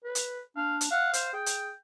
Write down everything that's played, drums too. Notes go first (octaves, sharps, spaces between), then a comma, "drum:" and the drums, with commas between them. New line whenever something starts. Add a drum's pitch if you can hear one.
B4
drum: hi-hat
D4 F5
drum: hi-hat
F5 F#5
C5, drum: hi-hat
G#4 G5
drum: hi-hat